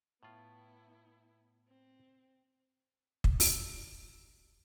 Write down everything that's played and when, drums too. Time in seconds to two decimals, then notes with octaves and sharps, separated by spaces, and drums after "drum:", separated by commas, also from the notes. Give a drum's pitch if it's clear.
0.23 A2 B3 E4 F4
1.68 C4
3.24 drum: kick
3.40 E6, drum: open hi-hat